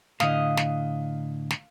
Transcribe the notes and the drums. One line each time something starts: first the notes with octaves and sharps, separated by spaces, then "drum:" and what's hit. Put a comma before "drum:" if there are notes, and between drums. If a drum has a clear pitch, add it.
A2 D3 D#5 F5 D#6, drum: snare
drum: snare
drum: snare